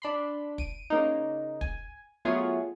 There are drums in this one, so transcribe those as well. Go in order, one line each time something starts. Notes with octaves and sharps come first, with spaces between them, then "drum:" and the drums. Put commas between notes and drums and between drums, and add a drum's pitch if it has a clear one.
D4 B5 C6
D7 D#7, drum: kick
C#3 A#3 D#4
G#5, drum: kick
F#3 A3 B3 F4 G#4 C#5